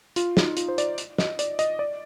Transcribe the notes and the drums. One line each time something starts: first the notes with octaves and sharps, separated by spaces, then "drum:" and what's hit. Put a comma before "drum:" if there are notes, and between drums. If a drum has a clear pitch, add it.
F4, drum: hi-hat
D#4, drum: snare
F4, drum: hi-hat
C5
D5, drum: hi-hat
drum: hi-hat
D#5, drum: snare
D5, drum: hi-hat
D#5, drum: hi-hat
D5